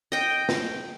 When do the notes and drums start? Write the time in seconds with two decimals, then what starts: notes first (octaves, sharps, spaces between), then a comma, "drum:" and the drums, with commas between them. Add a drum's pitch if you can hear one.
0.12 D#5 G5
0.49 drum: snare